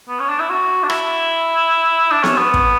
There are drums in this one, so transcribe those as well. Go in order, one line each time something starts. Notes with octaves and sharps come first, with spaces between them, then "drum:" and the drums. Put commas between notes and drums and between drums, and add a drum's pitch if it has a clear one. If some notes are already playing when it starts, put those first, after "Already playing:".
B3
C#4
D4
E4
F#4
D4
E4, drum: rim click
D4
C#4, drum: snare B3
B3
drum: kick